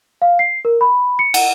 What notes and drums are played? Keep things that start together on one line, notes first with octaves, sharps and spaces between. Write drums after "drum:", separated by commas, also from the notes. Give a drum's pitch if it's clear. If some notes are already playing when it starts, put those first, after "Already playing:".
F5
C7
A#4
B5
C#7
F#5, drum: cymbal